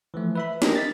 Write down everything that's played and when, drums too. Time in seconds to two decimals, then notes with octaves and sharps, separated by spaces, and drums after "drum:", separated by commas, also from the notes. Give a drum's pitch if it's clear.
0.14 E3 F3 A3
0.35 B4 E5 B5
0.62 G4 A#4 D#5, drum: snare
0.76 A6 B6